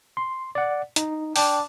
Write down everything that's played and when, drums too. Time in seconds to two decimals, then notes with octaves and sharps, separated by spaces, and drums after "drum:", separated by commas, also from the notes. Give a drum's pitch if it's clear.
0.17 C6
0.55 D5 F#5
0.96 D#4, drum: hi-hat
1.36 D4 G5 A5, drum: open hi-hat